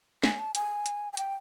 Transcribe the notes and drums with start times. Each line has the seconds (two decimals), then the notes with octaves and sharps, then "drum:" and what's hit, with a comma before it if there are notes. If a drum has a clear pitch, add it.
0.23 G#5, drum: snare
0.39 A5
0.55 G#5, drum: hi-hat
0.86 drum: hi-hat
1.13 G#5
1.17 G5, drum: hi-hat